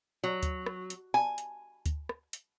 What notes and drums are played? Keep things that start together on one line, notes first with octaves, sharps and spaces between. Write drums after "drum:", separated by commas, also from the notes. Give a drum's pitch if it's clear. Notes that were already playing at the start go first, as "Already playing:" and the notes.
F#3
drum: kick D2, hi-hat
drum: rim click
drum: hi-hat
G#5
drum: hi-hat
drum: kick D2, hi-hat
drum: rim click
drum: hi-hat